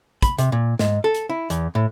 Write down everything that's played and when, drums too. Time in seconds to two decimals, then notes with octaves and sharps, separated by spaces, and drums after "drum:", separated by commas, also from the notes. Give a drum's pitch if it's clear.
0.22 B5, drum: kick, hi-hat
0.38 C3, drum: hi-hat
0.52 A#2
0.79 G#2, drum: snare
1.04 A4
1.14 drum: hi-hat
1.30 E4
1.50 E2, drum: hi-hat
1.75 A2